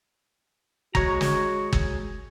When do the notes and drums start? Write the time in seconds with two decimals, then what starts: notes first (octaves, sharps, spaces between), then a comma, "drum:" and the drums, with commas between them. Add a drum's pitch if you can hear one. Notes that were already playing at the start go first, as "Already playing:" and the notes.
0.95 G#3 F#4 C#5 A#5, drum: kick G1
1.21 drum: snare
1.73 drum: kick G1